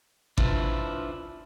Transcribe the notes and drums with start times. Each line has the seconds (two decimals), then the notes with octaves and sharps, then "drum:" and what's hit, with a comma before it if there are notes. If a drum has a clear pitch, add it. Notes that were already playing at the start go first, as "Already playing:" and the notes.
0.38 D4 E4 F4 B4 C5, drum: kick G#1